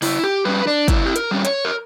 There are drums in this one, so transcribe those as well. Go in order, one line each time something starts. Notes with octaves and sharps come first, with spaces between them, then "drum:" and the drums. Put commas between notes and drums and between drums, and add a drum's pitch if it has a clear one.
C#3 E4, drum: open hi-hat
G4
G3 C#4 B4
D4
C#3 E4, drum: kick, hi-hat
G4
A#4, drum: hi-hat
G3 C#4
C#5, drum: hi-hat
A#4